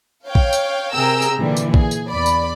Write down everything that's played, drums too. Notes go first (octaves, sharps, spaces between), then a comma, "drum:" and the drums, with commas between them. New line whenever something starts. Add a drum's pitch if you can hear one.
C#5 F5 G5
drum: kick A#1
drum: tambourine
C3 G#4 A#4 G5 A#5 E6
drum: tambourine
A#2 D3 E3 G3
drum: tambourine
G#4, drum: kick A#1
drum: tambourine
E2 D5 B5
drum: tambourine